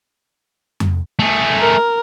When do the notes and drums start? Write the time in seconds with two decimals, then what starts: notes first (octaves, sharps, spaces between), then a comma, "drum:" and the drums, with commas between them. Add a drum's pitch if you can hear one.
0.80 drum: tom F2
1.19 A3 G#4
1.60 A#4